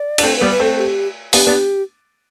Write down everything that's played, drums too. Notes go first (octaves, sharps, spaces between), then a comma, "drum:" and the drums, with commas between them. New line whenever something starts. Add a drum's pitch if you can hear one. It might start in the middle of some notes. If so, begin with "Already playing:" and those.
Already playing: D5
D4, drum: cymbal
A3 C4 C5
G3 B3 B4
B4
A3 C4 A4
G4
B3 D4 G4, drum: open hi-hat
B3 D4